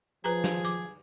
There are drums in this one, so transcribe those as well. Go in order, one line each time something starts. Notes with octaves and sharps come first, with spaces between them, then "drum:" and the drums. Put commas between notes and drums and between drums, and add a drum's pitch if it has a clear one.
F3 G#4 B4 A#5
drum: snare
D6